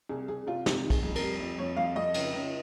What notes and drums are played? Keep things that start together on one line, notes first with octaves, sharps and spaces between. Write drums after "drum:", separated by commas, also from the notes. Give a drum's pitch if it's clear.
C2 G#4
C2 G#4
C2 F4
C3 G4, drum: snare
D#3
G#4, drum: kick, cymbal
F2
A#4, drum: cymbal
G3
F2
F2 C#5
F2 F5
F2 D#5
C#2, drum: cymbal
C#2